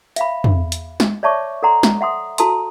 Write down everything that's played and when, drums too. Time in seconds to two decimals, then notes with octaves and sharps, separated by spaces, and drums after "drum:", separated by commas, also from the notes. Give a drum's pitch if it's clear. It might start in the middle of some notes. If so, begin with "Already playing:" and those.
0.16 E5 F5 B5, drum: hi-hat
0.44 drum: tom
0.72 drum: hi-hat
1.00 drum: snare
1.23 C#5 D5 E5 A5 C#6 D6
1.63 A4 D5 F#5 A#5 C6
1.83 drum: snare
2.01 E5 F#5 C6 D#6
2.38 F#4 A4 A5 A#5 C6, drum: hi-hat